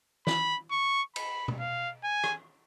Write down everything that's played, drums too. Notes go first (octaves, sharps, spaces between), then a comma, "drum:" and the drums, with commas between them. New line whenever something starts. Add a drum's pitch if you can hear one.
B5, drum: snare
C#6
B5, drum: cymbal
drum: tom B2
F5
G#5
drum: rim click